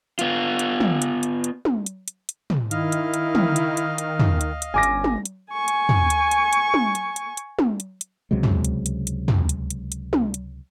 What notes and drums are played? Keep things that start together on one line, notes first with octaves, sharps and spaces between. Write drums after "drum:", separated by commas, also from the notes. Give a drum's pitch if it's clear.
B3 F4, drum: hi-hat
drum: hi-hat
drum: tom
drum: hi-hat
drum: hi-hat
drum: hi-hat
drum: tom
drum: hi-hat
drum: hi-hat
drum: hi-hat
drum: tom
D#3 E4 D#5 F5 F6, drum: hi-hat
drum: hi-hat
drum: hi-hat
drum: tom
drum: hi-hat
drum: hi-hat
drum: hi-hat
drum: tom
drum: hi-hat
drum: hi-hat
G1 C#4 G#5 D6 A#6
drum: hi-hat
drum: tom
drum: hi-hat
G#5 C#6
drum: hi-hat
drum: tom
drum: hi-hat
drum: hi-hat
drum: hi-hat
drum: tom
drum: hi-hat
drum: hi-hat
drum: hi-hat
drum: tom
drum: hi-hat
drum: hi-hat
C#2 C3 F#3 G#3
drum: tom
drum: hi-hat
drum: hi-hat
drum: hi-hat
drum: tom
drum: hi-hat
drum: hi-hat
drum: hi-hat
drum: tom
drum: hi-hat